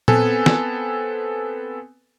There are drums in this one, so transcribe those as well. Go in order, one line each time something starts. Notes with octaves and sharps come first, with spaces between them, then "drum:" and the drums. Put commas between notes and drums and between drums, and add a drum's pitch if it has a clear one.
B3 C4 A4 B4 G#5, drum: tom A#2
drum: snare